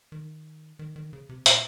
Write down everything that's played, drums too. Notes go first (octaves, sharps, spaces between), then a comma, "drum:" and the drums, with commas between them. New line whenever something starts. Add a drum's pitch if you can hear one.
D#3
D#3
D#3
C#3
C3
A#2, drum: hi-hat